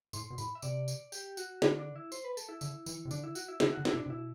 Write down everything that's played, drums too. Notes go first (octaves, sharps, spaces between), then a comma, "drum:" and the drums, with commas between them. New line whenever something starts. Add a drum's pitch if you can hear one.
A2 C6, drum: tambourine
B2
A2 B5, drum: tambourine
E5
C3 D5, drum: tambourine
drum: tambourine
G4, drum: tambourine
F#4, drum: tambourine
D3 D4, drum: snare
D4
E4
C5, drum: tambourine
B4
A4, drum: tambourine
E4
D3 E4, drum: tambourine
E3, drum: tambourine
C3
D3 D4, drum: tambourine
E4
F#4, drum: tambourine
E4
D3 E4, drum: snare
D3 F#4
E4, drum: snare
B2
D4
C3
B2 E4